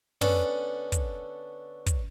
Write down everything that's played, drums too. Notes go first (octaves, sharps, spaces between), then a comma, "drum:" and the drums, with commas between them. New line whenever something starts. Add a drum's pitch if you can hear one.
D3 B3 C#4 A4, drum: tom
drum: kick, hi-hat
drum: kick, hi-hat